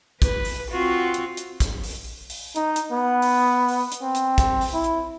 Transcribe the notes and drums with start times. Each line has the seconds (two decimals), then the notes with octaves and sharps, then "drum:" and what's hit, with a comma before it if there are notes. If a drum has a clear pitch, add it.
0.22 B4, drum: kick, hi-hat
0.45 drum: open hi-hat
0.71 C4 F4 F#4
1.14 drum: hi-hat
1.37 drum: hi-hat
1.60 drum: kick, hi-hat
1.84 drum: open hi-hat
2.30 drum: open hi-hat
2.56 D#4, drum: hi-hat
2.76 drum: hi-hat
2.92 B3
3.22 drum: open hi-hat
3.69 drum: open hi-hat
3.92 drum: hi-hat
4.02 C4
4.15 drum: hi-hat
4.38 drum: kick, hi-hat
4.61 drum: open hi-hat
4.74 E4
4.84 drum: hi-hat